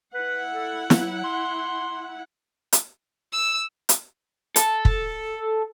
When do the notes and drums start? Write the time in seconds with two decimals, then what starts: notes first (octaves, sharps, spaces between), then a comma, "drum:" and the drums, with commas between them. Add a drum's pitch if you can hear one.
0.14 E4 B4 F#5
0.54 A4
0.90 F#3, drum: snare
1.24 C6
2.73 drum: hi-hat
3.33 E6
3.89 drum: hi-hat
4.56 A4, drum: hi-hat
4.85 drum: kick